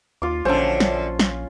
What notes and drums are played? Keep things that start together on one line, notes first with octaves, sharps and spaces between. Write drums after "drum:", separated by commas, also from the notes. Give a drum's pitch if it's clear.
D#2 F4 D6
A#1 F#2 D3 C#4 C5 A5
drum: snare
drum: snare